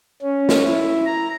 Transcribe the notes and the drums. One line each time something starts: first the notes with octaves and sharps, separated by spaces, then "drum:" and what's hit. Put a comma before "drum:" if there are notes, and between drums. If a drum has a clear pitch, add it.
C#4
drum: snare
E4
A#5